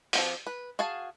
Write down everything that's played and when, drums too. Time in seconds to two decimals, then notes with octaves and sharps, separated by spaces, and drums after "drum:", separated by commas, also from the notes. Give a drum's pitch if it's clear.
0.13 F3 C4 G4, drum: open hi-hat
0.47 B4
0.79 F#4 G#4 F5 A5